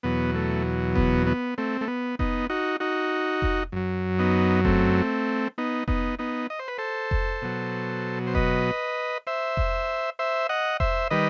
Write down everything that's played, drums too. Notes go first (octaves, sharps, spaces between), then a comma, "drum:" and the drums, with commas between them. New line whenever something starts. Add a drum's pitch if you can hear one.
E2 B2 F#3 B3
A3
B3, drum: kick F1
B3
A3 C4
A3
B3
B3 D#4, drum: kick F1
D#4 F#4
D#4 F#4
drum: kick F1
F#2 F#3
B3 D#4
A3 C4, drum: kick F1
B3 D#4
B3 D#4, drum: kick F1
B3 D#4
D#5
C5
B4
A4 C5
drum: kick F1
B2 F#3
C5
B4 D#5, drum: kick F1
C5 E5
drum: kick F1
C5 E5
D#5 F#5
C5 E5, drum: kick F1
D#3 G3 B4 D#5